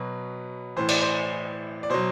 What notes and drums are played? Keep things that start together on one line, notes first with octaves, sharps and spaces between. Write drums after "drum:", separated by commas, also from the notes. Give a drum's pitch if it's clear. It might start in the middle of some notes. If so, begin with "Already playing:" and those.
Already playing: B2 F#3 B4
A2 E3 C5
D5, drum: cymbal
C5
D5
B2 F#3 C5